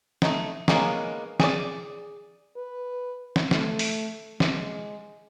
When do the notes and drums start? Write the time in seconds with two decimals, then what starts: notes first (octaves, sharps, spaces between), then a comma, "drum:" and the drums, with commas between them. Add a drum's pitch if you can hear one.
0.22 A3 D#4, drum: snare
0.68 G#3 A#3 B3 C#4 D#4, drum: snare
1.40 G#4 D5, drum: snare
2.56 B4
3.36 drum: snare
3.51 A3, drum: snare
3.79 drum: open hi-hat
4.40 G#3, drum: snare